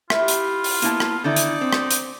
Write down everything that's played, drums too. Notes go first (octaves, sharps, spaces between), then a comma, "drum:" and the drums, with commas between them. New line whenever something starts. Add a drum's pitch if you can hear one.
E4 F4 G4 E5, drum: rim click
drum: hi-hat
drum: open hi-hat
A#3 B3 E4 A5, drum: hi-hat
drum: rim click
D3 D#3 D#4 E4 D5
drum: hi-hat
C4
drum: rim click
drum: hi-hat